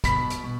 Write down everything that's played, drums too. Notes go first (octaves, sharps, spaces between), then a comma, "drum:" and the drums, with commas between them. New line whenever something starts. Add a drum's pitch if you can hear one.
B2 B5 B6, drum: kick, hi-hat
drum: hi-hat
B2